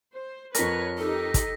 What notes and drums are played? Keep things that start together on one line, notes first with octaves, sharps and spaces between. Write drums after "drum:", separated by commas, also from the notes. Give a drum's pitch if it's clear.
C5
F2 A#4 B4 C#5 A#6 B6, drum: hi-hat
D#4 G4 A4
drum: kick, hi-hat